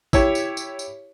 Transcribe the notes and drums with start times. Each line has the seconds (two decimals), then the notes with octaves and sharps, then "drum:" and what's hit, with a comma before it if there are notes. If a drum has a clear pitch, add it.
0.13 E4 G4 C#5, drum: kick, tambourine
0.35 drum: tambourine
0.57 drum: tambourine
0.79 drum: tambourine